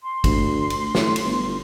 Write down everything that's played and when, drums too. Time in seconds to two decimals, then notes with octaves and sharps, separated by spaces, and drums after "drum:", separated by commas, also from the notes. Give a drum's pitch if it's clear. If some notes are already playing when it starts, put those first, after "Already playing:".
0.02 C6
0.24 D2, drum: kick, cymbal
0.70 drum: cymbal
0.95 A2, drum: snare
1.16 drum: cymbal
1.25 G1